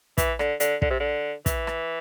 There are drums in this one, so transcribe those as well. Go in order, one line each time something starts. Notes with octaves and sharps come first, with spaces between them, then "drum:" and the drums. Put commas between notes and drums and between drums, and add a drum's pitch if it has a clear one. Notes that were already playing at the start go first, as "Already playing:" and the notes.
E3, drum: kick, hi-hat
D3, drum: rim click
D3, drum: hi-hat
D3, drum: kick
C3
D3
E3, drum: kick, hi-hat
drum: rim click